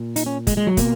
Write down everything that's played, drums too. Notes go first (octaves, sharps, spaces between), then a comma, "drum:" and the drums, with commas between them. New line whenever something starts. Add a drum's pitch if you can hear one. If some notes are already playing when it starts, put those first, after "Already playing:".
Already playing: A#2
D#4, drum: hi-hat
C#4
G#3, drum: kick, hi-hat
G#3
F#3
B2 A#3, drum: kick, hi-hat